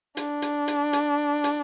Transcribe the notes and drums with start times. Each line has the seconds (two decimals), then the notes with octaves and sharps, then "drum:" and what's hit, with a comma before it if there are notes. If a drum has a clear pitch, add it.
0.17 D4, drum: hi-hat
0.42 drum: hi-hat
0.68 drum: hi-hat
0.93 drum: hi-hat
1.44 drum: hi-hat